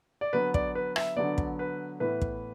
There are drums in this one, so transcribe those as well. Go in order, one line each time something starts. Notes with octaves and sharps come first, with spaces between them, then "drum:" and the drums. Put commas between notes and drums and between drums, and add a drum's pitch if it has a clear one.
D5
D3 F#3 B3 B4
D5, drum: kick
B4
E5, drum: rim click
D3 F#3 B3 D5
drum: kick
B4
A2 E3 B3 B4
drum: kick